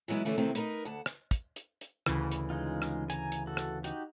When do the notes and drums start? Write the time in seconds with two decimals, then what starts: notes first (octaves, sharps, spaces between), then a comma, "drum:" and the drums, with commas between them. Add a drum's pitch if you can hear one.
0.08 E3 F#3 G#3 B3 E4
0.25 D3 E3 A3 C#4
0.37 C3 D#3 E3 A3 C4 E4
0.55 D#4 A#4 B4, drum: hi-hat
0.85 D2 F#5 A5
1.06 drum: rim click
1.31 drum: kick, hi-hat
1.56 drum: hi-hat
1.81 drum: hi-hat
2.06 D2 C#3 E3, drum: rim click
2.32 drum: hi-hat
2.50 G#3 D#4 F4
2.82 drum: rim click
3.10 G#5 A#5, drum: hi-hat
3.32 drum: hi-hat
3.47 F#4 A4
3.57 drum: rim click
3.84 D#4 F#4 G4, drum: hi-hat